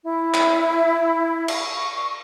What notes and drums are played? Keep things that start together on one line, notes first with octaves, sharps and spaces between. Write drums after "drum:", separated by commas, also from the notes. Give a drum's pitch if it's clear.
E4
drum: clap
C#6, drum: cymbal